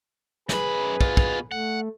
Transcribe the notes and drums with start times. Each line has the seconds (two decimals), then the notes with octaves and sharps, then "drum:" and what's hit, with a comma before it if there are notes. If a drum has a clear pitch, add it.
0.49 F#2 G#4 B4 B5, drum: snare
1.01 B2 F4, drum: kick
1.17 drum: kick
1.52 A3 F#5